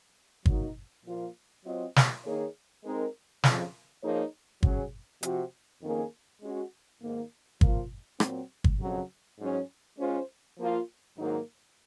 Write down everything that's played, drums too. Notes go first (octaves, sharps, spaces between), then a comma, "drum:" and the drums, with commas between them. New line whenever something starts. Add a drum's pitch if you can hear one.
F#3 A#3 D#4 F#4, drum: kick G1
A#2 F3 A#3 F4
F#3 C4 F4 C5 D#5
drum: snare
D#3 A#3 D#4 G#4 C#5
G#3 C4 D#4 A#4
F2 C#3 F3, drum: snare
F3 A#3 D#4 G#4 C#5
F#3 C#4 G#4 C#5, drum: kick G1
C3 F3 C4 F#4, drum: hi-hat
F2 D#3 A#3 C#4 G#4
G#3 C#4 F#4
G#2 D#3 A#3
F3 A#3 F4, drum: kick G1
A#2 F#3 C4, drum: rim click
drum: kick G1
F2 C#3 F#3
G#2 F#3 C#4 G#4
G#3 C#4 F4 C5
F3 A#3 F4
G#2 D#3 F#3 A#3 D#4